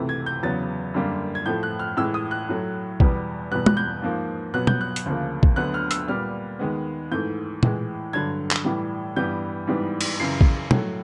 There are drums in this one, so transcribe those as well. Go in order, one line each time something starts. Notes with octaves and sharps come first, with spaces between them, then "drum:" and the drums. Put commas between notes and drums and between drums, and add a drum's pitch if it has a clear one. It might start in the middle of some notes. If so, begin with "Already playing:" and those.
Already playing: C#2 C3 E3 A3
G#6
G6
E2 C#3 F#3 B3 A6
F#2 D3 G3 A#3
G#6
A2 F3 A3 G6
F#6
F6
A2 E3 G#3 E6
D#6
F#6
A2 F#3 A3
E2 B2 G3 B3, drum: kick
E2 B2 G3 B3 F#6
F#6, drum: tom
G6
G#2 F3 A#3
B2 F#3 B3 F#6
G6, drum: tom
F#6
drum: hi-hat
D2 C#3 F3 A#3
drum: kick
D2 D3 F#3 B3 F#6
F6
E6, drum: hi-hat
A#2 G3 B3 F6
D#2 D#3 G#3 B3
G#2 E3 A3 G6
A2 E3 G#3, drum: tom
G2 D3 F#3 G#6
drum: clap
A2 E3 G3
G2 E3 G3 B3 G6
G#2 E3 G3 B3
drum: cymbal
F#2 C#3 E3 C7
drum: kick
A2 F#3 A3, drum: tom